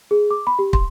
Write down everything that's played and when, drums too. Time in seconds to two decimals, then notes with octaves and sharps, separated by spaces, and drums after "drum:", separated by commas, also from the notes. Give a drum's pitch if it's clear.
0.11 G#4
0.31 D6
0.47 B5
0.59 G4
0.73 C6, drum: kick